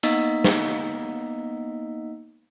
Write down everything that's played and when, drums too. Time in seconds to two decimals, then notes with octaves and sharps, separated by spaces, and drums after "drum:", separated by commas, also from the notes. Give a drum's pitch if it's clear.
0.03 A#3 B3 D#4 D#5 E6 B6, drum: hi-hat
0.44 drum: snare